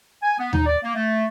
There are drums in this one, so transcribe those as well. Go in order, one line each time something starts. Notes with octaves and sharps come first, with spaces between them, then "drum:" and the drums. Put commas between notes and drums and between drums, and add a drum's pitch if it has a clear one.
G#5
B3
D#4, drum: tom D#2
D5
A#3
A3